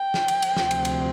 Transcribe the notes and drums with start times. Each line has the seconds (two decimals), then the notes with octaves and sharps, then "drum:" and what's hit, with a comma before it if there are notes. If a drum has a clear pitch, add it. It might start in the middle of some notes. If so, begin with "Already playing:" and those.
Already playing: G5
0.14 drum: snare
0.28 drum: cymbal
0.42 drum: cymbal
0.57 D2 C3 F3 C4, drum: snare
0.71 drum: cymbal
0.85 drum: cymbal